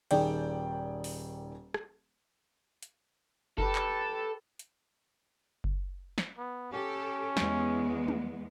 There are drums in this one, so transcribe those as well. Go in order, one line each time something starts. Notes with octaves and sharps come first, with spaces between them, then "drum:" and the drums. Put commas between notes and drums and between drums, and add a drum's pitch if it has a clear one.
D#1 D#3 G#4 D5 G5, drum: cymbal
drum: open hi-hat
drum: rim click
drum: hi-hat
G4 A4 B4, drum: kick F#1
drum: clap
drum: hi-hat
drum: kick F#1
drum: snare
B3
C#4 G4 A4
E2 G#3 B3, drum: snare
drum: tom